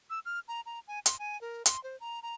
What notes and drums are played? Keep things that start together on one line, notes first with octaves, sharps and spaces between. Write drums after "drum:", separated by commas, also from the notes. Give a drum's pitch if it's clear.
E6
F6
A#5
A#5
G#5
C6, drum: hi-hat
G#5
A#4
C6, drum: hi-hat
C5
A#5
A#5